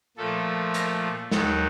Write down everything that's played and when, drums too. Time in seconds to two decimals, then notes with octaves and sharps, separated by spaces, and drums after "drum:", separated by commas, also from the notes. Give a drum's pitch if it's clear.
0.17 A#2 F3 A3 A4
0.74 A#4, drum: hi-hat
1.31 D#2 D#3 F#3, drum: snare